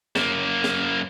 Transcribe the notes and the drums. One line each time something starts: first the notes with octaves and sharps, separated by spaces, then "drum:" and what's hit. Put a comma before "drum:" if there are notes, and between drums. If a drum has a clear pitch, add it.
F#2 A#3, drum: snare
drum: snare